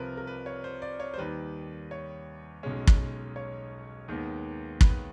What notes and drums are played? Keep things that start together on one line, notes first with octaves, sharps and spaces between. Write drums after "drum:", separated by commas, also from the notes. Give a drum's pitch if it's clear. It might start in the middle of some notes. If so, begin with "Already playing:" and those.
Already playing: C2 C3 F3 A#4 B4
A#4
B4
C#5
C5
D5
C#5
C5
D#2 D#3 G3 B4
C#5
B1 B2 G#3 C#4
drum: kick
C#5
D#2 D#3 G#3 B3
B4, drum: kick